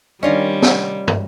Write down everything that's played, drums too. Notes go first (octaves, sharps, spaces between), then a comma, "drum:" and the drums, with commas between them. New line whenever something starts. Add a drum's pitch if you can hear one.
D#3 G3 C#4 D4 F4 A#4 D5 D#5
drum: snare
drum: tom